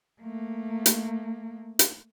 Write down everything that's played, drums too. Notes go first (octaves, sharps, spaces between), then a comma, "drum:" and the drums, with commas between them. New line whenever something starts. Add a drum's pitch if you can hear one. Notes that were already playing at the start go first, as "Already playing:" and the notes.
A3 A#3
drum: hi-hat
drum: hi-hat